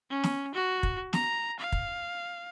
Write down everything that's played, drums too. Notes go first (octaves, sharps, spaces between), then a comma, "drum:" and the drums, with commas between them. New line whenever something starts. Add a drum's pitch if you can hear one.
C#4
drum: snare
F#4
drum: kick
A#5, drum: snare
F5
drum: kick